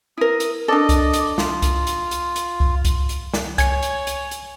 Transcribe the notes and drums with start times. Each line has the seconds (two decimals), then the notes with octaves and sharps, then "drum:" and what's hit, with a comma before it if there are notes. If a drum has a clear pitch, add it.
0.18 E4 A#4 D#6
0.40 drum: hi-hat
0.68 D4 A4 D5 D#5
0.89 drum: kick C2, hi-hat
1.13 drum: hi-hat
1.38 F4, drum: snare
1.62 drum: kick C2, hi-hat
1.87 drum: hi-hat
2.11 drum: hi-hat
2.36 drum: hi-hat
2.60 drum: kick C2
2.85 drum: kick C2, hi-hat
3.09 drum: hi-hat
3.34 drum: snare
3.58 C#5 G#5 G#6 C#7, drum: kick C2, hi-hat
3.82 drum: hi-hat
4.07 drum: hi-hat
4.31 drum: hi-hat